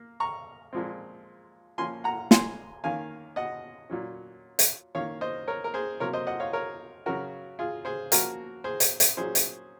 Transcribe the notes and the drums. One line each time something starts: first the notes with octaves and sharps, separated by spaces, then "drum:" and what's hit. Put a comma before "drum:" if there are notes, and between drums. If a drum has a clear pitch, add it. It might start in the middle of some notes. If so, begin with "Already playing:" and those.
Already playing: A#3
A#5 C#6
A#2 F3 G#3 C4
F3 A#3 C#4 G#5 C6
F#5 A#5
G#5 C6, drum: snare
D#3 A#3 C#4 F5 G#5
D#5 F#5
A#2 F#3 C#4
drum: hi-hat
D#3 A#3 C#4 C#5 F5
C5 D#5
A#4 C#5
A#4
G#4 C5
C3 F#3 A#3 A#4 C#5
C5 D#5
D#5 F#5
C#5 F5
A#4 C#5
C#3 F#3 C#4 F#4 A#4
F4 G#4
G#4 C5
F3 A#3 C#4 F#4 A#4, drum: hi-hat
G#4 C5
drum: hi-hat
drum: hi-hat
A#2 F#3 C#4 G#4 C5
drum: hi-hat